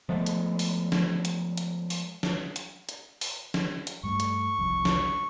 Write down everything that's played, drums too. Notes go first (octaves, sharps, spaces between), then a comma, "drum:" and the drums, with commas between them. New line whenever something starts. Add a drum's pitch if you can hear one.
F3 G#3 A3 B3
drum: hi-hat
drum: open hi-hat
drum: snare
drum: hi-hat
drum: hi-hat
drum: open hi-hat
drum: snare
drum: hi-hat
drum: hi-hat
drum: open hi-hat
drum: snare
drum: hi-hat
G2 G3 A3 C#6
drum: hi-hat
F1 C2 F2
drum: snare